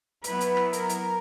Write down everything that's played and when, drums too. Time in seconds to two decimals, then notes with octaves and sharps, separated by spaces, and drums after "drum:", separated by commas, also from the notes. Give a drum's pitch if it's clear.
0.24 F#3 B3 E4 B4, drum: hi-hat
0.41 drum: hi-hat
0.57 drum: rim click
0.73 A#4, drum: hi-hat
0.89 drum: hi-hat